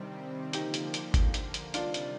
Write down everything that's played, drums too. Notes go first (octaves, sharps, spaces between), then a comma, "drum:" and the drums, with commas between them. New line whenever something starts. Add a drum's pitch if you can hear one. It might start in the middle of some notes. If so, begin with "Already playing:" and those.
Already playing: C3 D#3 G3 C4 D4
D3 F3 A#3 D#4 G4, drum: hi-hat
drum: hi-hat
drum: hi-hat
drum: kick G1, hi-hat
drum: hi-hat
drum: hi-hat
C3 D#3 G3 D4 F4, drum: hi-hat
drum: hi-hat